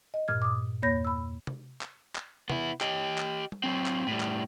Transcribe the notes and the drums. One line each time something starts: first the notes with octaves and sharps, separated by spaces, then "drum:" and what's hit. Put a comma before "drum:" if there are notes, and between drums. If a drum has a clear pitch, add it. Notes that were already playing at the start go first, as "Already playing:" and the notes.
D#5
G2 A#2 F6 G#6
D6 D#6
E2 A#3 C#5 B5 G6 A#6
B5 E6
drum: tom
drum: clap
drum: clap
B3 E4, drum: tom
G4 D#5, drum: clap
drum: clap
drum: tom
F#3 C4
drum: clap
A2 G3
drum: clap